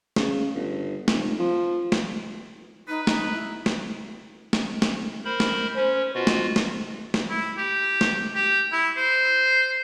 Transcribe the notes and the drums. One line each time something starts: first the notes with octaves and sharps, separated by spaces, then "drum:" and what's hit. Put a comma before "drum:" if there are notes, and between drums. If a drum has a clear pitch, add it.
C#3, drum: snare
G1
F1, drum: snare
F3
drum: snare
D#4 B4
D#4, drum: snare
E4
drum: snare
drum: snare
drum: snare
A#4 C5 B5
drum: snare
C#4 C5
B2 F4 F#4
drum: snare
drum: snare
drum: snare
E4
G4
drum: snare
G4
E4
C5